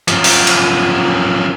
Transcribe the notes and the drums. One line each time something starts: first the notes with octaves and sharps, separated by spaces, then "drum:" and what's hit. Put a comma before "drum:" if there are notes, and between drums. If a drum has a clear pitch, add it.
F#2 F3, drum: hi-hat
drum: open hi-hat
drum: cymbal